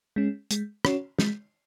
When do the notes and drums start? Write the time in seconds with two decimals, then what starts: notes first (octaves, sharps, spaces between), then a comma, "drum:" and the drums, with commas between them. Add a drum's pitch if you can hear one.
0.16 G#3 C#4
0.51 G#3, drum: hi-hat
0.85 C#4 F#4 C#5, drum: rim click
1.19 G#3, drum: snare